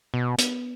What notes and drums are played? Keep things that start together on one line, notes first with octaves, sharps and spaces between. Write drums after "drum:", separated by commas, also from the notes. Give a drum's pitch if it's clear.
B2
B3, drum: hi-hat